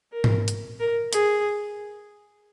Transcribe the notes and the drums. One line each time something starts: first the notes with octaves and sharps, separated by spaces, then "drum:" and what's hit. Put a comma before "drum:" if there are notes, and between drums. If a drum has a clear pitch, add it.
A#4
drum: tom G#2
drum: hi-hat
A#4
G#4, drum: hi-hat